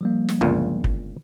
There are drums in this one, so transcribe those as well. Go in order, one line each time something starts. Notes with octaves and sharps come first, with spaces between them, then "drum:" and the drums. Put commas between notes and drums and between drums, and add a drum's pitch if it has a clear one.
F3 G3 A#3
drum: snare
G1 C#2 A#2
drum: kick